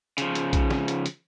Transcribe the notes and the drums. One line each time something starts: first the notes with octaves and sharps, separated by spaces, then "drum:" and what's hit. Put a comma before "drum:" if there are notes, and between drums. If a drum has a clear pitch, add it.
C#3 F3, drum: hi-hat
drum: hi-hat
drum: kick, hi-hat
drum: snare
drum: hi-hat
drum: hi-hat